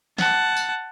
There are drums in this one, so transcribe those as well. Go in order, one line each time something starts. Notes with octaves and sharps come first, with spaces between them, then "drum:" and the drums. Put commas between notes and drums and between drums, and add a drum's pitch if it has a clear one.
F#5 A5, drum: snare
drum: tambourine